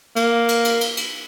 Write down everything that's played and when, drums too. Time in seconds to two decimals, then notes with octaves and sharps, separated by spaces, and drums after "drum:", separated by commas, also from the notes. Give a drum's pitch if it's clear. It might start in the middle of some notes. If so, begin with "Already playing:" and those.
0.16 A#3, drum: cymbal
0.48 drum: cymbal
0.65 drum: cymbal
0.81 drum: cymbal
0.97 drum: cymbal